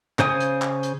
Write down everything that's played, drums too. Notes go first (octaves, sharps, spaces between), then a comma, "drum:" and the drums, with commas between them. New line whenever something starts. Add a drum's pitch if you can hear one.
C#3 C5 G#5 D#6, drum: clap
drum: hi-hat
drum: clap
drum: hi-hat